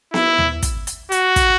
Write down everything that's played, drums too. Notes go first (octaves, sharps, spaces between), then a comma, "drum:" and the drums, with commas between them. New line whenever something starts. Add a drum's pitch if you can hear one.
E4, drum: snare B3
drum: tom D#2
drum: kick, hi-hat
drum: hi-hat
F#4, drum: hi-hat
drum: kick, hi-hat